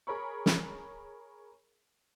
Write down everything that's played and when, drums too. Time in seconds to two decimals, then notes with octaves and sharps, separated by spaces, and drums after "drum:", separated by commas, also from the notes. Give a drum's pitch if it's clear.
0.07 G#4 A#4 C#5 B5 C#6
0.46 drum: snare